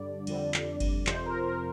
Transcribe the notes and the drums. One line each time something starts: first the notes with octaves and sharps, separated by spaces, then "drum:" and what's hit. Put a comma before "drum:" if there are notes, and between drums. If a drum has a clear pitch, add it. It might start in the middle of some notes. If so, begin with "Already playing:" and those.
Already playing: G2 D3 G3 D5
F2 D3 G3, drum: cymbal
drum: clap
drum: kick G1, cymbal
F2 C3 F3 C5, drum: clap
A#4
A#4